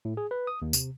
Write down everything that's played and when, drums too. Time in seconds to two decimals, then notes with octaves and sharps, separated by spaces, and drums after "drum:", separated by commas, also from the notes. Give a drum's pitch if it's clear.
0.05 A2
0.17 G#4
0.31 B4
0.47 D#6
0.62 D#2
0.73 C3, drum: tambourine